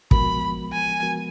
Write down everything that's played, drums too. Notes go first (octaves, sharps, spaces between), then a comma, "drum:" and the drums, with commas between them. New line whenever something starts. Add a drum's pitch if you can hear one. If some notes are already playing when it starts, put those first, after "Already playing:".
F3 G#3 B3 F#4 A#4 B5, drum: kick
G#5
F3 G#3 B3 F#4 A#4